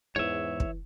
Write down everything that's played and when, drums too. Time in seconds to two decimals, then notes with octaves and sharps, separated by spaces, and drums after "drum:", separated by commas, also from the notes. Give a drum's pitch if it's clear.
0.16 E2 G#2 E3 C#5 E5
0.60 drum: kick